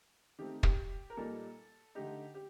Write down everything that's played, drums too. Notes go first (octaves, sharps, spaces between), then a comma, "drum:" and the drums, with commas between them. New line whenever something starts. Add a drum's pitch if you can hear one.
D#3 A3 C4 G4
G4, drum: kick
A#4
A#2 G3 A#3 D#4 A4
D3 A3 D#4 G4
G4